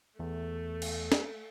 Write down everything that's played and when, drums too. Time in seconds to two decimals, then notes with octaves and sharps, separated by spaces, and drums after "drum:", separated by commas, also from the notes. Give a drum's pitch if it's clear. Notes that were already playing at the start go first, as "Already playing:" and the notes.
0.19 E2 A3
0.82 drum: cymbal
1.12 drum: snare